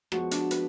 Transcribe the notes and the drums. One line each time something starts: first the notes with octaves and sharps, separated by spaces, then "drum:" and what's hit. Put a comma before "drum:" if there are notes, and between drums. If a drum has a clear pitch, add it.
F3 G#3 B3 F#4, drum: rim click
D4, drum: hi-hat
B4, drum: hi-hat